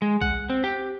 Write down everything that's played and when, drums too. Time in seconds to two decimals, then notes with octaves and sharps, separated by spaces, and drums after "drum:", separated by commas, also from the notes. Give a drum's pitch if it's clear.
0.02 G#3
0.22 F#5, drum: kick
0.50 C4
0.64 G4